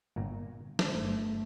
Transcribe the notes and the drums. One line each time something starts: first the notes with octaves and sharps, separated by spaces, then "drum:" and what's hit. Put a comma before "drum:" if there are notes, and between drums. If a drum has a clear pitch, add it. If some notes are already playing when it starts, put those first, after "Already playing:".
G1 A#2 A#5
drum: snare
G1 A3 C5